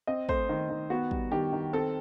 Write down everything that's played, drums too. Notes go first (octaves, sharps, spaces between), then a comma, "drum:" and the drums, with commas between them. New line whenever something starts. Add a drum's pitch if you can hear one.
C4 D#5
A3 C5, drum: kick
D#3
D#3
B3 F#4
G3, drum: kick
D#3 G4
D#3
C4 A4